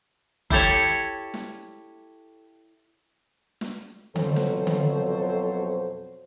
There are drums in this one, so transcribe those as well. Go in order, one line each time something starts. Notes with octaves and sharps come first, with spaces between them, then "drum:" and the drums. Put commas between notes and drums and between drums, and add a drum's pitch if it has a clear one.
E4 G4 A4 C#5, drum: kick F#1
drum: snare
drum: snare
F2 B2 F#3 A4 C5 C#5, drum: tom D3
drum: snare
drum: tom D3